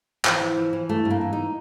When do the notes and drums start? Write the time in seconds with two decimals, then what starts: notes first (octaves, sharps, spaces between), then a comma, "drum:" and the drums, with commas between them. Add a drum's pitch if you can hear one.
0.25 E3 F3, drum: clap
0.41 E3
0.57 E3
0.73 E3
0.89 G2 A3
1.05 G2
1.10 A#3
1.21 E3
1.33 D#4